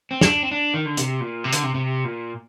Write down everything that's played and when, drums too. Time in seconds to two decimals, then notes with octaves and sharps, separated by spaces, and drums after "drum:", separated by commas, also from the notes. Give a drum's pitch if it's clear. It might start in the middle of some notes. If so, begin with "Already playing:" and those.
0.11 C4
0.21 D4, drum: snare
0.43 C4
0.51 D4
0.74 D#3
0.86 D3
0.97 C3, drum: hi-hat
1.21 A#2
1.44 C3
1.53 D3, drum: hi-hat
1.63 C3
1.74 C3
2.04 A#2